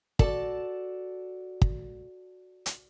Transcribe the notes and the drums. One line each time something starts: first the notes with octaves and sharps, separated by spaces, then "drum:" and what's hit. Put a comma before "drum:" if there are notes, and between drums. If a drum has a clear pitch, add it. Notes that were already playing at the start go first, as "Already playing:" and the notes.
F#4 A4 D5 A5, drum: kick
drum: kick
drum: hi-hat